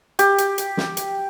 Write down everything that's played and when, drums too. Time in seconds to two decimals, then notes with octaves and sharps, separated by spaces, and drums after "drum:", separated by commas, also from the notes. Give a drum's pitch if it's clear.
0.19 G4, drum: hi-hat
0.38 drum: hi-hat
0.58 drum: hi-hat
0.77 drum: snare
0.97 drum: hi-hat